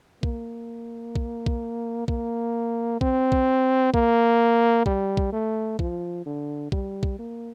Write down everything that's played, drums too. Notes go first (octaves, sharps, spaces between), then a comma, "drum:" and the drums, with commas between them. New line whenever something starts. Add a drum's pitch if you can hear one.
A#3, drum: kick
drum: kick
drum: kick
A#3, drum: kick
C4, drum: kick
drum: kick
A#3, drum: kick
G3, drum: kick
drum: kick
A3
F3, drum: kick
D3
G3, drum: kick
drum: kick
A#3